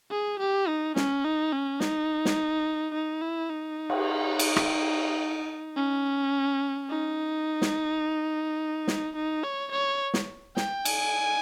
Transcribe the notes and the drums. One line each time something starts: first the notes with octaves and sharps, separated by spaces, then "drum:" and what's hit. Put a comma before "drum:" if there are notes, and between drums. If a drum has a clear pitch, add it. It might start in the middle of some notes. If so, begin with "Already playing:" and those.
G#4
G4
D#4
C#4, drum: snare
D#4
C#4
D#4, drum: snare
drum: snare
D#4
E4
D#4
drum: cymbal
drum: cymbal
drum: rim click
C#4
D#4
drum: snare
drum: snare
D#4
C#5
C#5
drum: snare
G5, drum: snare
G#5, drum: cymbal